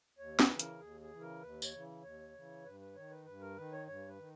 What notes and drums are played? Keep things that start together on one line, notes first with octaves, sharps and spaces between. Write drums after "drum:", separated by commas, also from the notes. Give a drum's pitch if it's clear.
D#2 C#5
B4, drum: snare
C#3 E3
A#4, drum: hi-hat
D#2 G#4
G#4
C#3 E3
A#4
D#2 B4
C#5, drum: tambourine
C#3 E3
D#2 C#5
C#3 E3
G2 B4
B4
D#3 C#5
B4
G2 B4
A#4
D#3 B4
C#5
G2 C#5
B4
D#3